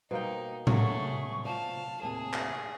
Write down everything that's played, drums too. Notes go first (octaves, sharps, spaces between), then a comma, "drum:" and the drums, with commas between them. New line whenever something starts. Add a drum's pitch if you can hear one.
B2 G3 A#3 D#4 C5 G5
F#3 A3 C#4 G#4 C#6, drum: tom A2
F4 C5 D5 F5 A5
D#2 A2 C3 G#4
drum: clap